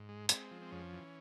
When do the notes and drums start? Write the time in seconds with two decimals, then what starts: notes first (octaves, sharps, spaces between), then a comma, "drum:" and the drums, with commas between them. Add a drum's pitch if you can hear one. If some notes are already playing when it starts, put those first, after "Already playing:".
Already playing: G#2
0.09 G#3
0.29 G#3 C4, drum: hi-hat
0.51 F3
0.62 C4
0.71 F2 C#4
0.93 E3